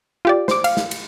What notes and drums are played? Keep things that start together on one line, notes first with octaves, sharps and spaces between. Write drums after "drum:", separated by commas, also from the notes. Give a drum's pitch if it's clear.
F4 G4 D5
C5 D6, drum: snare
F5, drum: cymbal
drum: snare
drum: cymbal